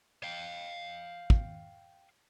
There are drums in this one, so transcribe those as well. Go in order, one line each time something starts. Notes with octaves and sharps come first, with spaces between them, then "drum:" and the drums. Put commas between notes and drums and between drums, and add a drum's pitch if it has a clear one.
F5 G5
drum: kick